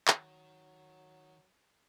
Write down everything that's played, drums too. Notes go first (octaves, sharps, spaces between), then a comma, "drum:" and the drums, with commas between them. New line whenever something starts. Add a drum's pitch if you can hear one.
D#3 F#3, drum: clap